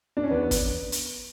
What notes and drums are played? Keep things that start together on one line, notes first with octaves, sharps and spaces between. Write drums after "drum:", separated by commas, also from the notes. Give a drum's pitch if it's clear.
D4
C#4
E2 B3
drum: kick, hi-hat
drum: hi-hat